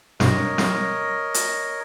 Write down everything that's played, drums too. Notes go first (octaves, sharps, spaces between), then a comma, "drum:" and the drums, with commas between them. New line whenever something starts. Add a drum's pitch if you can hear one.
G2 B2 A#4 C#5 D#5, drum: snare
drum: snare
drum: hi-hat